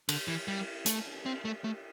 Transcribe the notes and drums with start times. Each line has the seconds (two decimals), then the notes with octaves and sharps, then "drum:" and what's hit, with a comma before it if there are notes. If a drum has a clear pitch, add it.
0.09 D3, drum: cymbal
0.28 E3
0.48 G3
0.86 A3, drum: hi-hat
1.26 C4
1.45 A3
1.64 A3